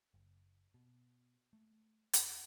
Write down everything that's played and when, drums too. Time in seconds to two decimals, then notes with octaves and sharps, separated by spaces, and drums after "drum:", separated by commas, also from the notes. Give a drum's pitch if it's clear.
0.14 F#1
0.74 B2
1.53 A3
2.13 E2, drum: hi-hat